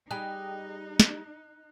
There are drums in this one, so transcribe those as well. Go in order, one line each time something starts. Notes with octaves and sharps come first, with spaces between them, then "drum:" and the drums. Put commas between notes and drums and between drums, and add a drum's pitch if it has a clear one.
G3 D#4 G#4 G5 F#6
drum: snare